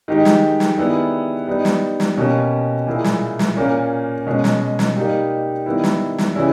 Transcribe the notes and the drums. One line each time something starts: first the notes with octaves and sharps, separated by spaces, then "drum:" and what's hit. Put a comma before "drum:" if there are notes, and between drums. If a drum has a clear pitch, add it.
D#3 G#3 D#4 G4
drum: snare
drum: snare
D#3 G3 B3 E4 G#4
G3 B3 D#4
drum: snare
drum: snare
B2 A#3 C#4 G4
A#2 A#3 E4 G#4
drum: snare
drum: snare
A#2 A#3 C#4
B2 G#3 C#4 G#4
drum: snare
drum: snare
G3 A#3 D#4 G4
D#3 G3 B3 E4
drum: snare
drum: snare
C#3 E3 G3 C#4 E4